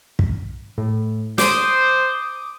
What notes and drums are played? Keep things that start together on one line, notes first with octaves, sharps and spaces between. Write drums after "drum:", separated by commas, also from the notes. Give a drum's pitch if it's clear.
drum: kick
A2
C5 D6 D#6, drum: snare